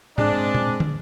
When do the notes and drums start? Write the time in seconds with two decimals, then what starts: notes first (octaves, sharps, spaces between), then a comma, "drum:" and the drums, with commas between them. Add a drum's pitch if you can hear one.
0.18 G#3 C4 D4, drum: tom
0.54 drum: tom A#2
0.80 drum: tom